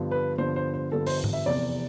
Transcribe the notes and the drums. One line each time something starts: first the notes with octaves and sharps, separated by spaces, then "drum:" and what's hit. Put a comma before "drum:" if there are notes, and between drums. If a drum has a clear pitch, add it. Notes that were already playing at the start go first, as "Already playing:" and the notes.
Already playing: G2 D3 F3 B3
B4
G2 D3 F3 B3 C5
C5
C5
G2 D3 F3 B3 A4
C5, drum: open hi-hat
drum: tom G#2
E5
F1 E2 C3 D5